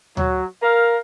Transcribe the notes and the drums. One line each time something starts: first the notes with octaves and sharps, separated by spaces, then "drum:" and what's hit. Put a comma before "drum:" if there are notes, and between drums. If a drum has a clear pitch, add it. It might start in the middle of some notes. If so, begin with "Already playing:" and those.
F#3, drum: tom D2
A#4 F5